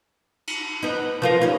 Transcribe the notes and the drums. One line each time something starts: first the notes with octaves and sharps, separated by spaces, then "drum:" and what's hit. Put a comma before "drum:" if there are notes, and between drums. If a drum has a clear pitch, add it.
drum: cymbal
B3 D#4
F3 F4 A#4 B4
C#4 D#4 G4 C#5